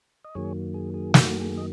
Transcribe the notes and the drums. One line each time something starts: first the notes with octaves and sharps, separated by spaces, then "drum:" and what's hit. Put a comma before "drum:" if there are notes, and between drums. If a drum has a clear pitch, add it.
D#5
F#2 D#3 F#3 A#3 G#4 C#5
G#4
G#4
F#4, drum: snare
G#4
D#5